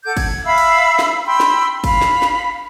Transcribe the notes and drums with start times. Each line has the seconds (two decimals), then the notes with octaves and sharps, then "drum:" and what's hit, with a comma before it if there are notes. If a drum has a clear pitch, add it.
0.05 A4 F#5 D6 G6
0.17 G#6, drum: kick, cymbal
0.45 E5 F5 B5 E6
0.58 drum: cymbal
0.99 drum: snare
1.26 G5 B5 C6 E6
1.40 drum: snare
1.84 F5 B5, drum: kick, cymbal
2.01 drum: snare
2.22 drum: snare